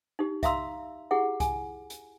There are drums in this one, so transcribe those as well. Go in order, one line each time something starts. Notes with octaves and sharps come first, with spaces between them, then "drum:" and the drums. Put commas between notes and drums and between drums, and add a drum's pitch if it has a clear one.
D#4 G4
E5 F5 A#5 C6 E6, drum: kick C2, hi-hat
E4 G4 G#4 F#5
G#5, drum: kick C2, hi-hat
drum: hi-hat